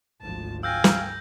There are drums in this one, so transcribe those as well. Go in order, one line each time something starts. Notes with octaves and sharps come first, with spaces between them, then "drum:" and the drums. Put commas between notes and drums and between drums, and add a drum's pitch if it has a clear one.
G#1 D2 F3 A5
F5 G5 G#5 E6 G6 A#6
drum: snare